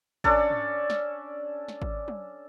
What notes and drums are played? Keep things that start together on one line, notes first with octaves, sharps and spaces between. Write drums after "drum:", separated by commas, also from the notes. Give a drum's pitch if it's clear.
C#4 D4 A4 D5, drum: kick G#1
drum: tom G#2
drum: snare
drum: snare
drum: kick G#1
drum: tom